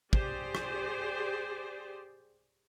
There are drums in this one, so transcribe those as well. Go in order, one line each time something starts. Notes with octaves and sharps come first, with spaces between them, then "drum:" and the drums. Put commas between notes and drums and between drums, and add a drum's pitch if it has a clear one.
G4 G#4 C5 D5, drum: kick
drum: rim click